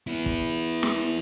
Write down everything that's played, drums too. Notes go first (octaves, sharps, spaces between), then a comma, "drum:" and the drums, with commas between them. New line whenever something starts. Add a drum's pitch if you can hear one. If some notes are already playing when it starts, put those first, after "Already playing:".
B3 E4
drum: kick
drum: snare